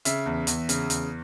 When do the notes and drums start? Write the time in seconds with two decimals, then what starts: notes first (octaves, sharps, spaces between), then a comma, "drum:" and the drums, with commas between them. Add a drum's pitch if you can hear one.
0.05 C#3 E5, drum: hi-hat
0.26 E2
0.47 E2, drum: hi-hat
0.69 C#3, drum: hi-hat
0.90 E2, drum: hi-hat